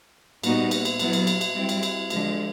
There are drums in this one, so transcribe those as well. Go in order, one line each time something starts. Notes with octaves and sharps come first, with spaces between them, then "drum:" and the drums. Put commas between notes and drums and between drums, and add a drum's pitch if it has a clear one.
A#2 G3 B3 D#4 F#4, drum: cymbal
drum: cymbal
drum: cymbal
F#3 B3 E4, drum: cymbal
drum: cymbal
drum: cymbal
drum: cymbal
G3 C4 E4
drum: cymbal
drum: cymbal
D3 F3 G#3, drum: cymbal